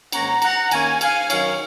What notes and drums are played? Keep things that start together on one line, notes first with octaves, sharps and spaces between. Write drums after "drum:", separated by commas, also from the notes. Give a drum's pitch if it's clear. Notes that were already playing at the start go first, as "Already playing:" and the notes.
G#2 D#3 A#3 C#4 F#5 A#5, drum: cymbal
F#5 A#5, drum: cymbal
D#3 A#3 C#4 F5 G#5, drum: cymbal
F5 G#5, drum: cymbal
F#2 D#3 F#3 C#4 C#5 F5, drum: cymbal